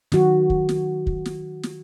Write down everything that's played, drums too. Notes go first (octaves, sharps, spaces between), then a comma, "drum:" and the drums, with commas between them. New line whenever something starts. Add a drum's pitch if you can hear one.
D#3 F#3 F#4, drum: snare
drum: kick
drum: snare
drum: kick
drum: snare
drum: snare